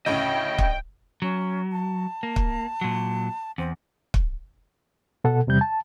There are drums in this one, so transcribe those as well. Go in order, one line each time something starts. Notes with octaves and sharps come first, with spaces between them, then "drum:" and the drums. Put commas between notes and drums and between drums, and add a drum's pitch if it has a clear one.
D2 A2 C#3 D#5 G5
drum: kick
F#3 C#4
A5
A#3
drum: kick
A#2 F#3
E2 C4
drum: kick
B2 A4 F#5
E2 C3 G3 G6
A5